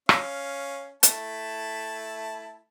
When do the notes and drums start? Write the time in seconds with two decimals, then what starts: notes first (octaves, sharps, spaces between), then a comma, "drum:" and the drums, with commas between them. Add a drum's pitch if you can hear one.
0.09 C#4 F5, drum: rim click
1.03 A3 E4 A5, drum: hi-hat